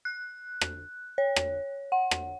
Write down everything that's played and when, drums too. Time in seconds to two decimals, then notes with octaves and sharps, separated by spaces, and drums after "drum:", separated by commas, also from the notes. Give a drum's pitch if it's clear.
0.05 F#6
0.61 drum: rim click
1.18 C#5
1.36 drum: rim click
1.92 F#5
2.11 drum: rim click